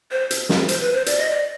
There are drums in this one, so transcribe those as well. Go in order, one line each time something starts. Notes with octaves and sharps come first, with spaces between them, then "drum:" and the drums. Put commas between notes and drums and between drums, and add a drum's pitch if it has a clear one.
C5
drum: hi-hat
drum: snare
C5, drum: hi-hat
B4
C5
D5, drum: hi-hat
D#5
D5